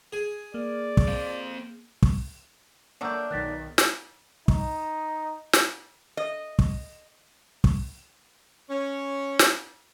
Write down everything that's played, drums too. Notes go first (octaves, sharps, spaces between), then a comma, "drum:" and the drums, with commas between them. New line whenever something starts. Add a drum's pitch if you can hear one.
G#4
A#3 D5
drum: kick
C4 F5
drum: kick
F#3 A3 A#3 D4 D#6 E6 G6
B1 D#3 F#6 A6 B6
drum: snare
D#4, drum: kick
drum: snare
D#5
drum: kick
drum: kick
C#4
drum: snare